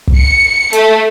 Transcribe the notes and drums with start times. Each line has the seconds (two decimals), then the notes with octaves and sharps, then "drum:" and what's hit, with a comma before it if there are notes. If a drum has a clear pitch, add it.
0.08 drum: kick
0.17 C#7
0.73 A3, drum: hi-hat